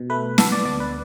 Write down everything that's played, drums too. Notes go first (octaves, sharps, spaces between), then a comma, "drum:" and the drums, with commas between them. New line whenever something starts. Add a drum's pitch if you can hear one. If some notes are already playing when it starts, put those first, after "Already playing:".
Already playing: B2
A3 B4
B3 A4, drum: snare
D5
D2 D5
B4